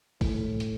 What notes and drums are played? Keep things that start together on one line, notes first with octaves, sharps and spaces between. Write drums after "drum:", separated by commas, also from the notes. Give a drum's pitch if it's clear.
A2, drum: kick, open hi-hat
drum: hi-hat